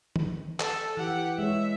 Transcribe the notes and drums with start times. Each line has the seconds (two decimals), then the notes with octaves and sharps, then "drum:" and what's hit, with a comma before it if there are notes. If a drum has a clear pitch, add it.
0.16 drum: tom D#3
0.60 A4, drum: clap
0.97 E3 G4 F#5
1.38 G#3 E4 C#5 E5